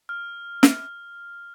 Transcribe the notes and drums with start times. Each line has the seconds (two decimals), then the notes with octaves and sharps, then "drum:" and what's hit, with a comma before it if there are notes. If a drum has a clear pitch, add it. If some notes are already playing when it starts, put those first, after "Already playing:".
0.09 F6
0.63 drum: snare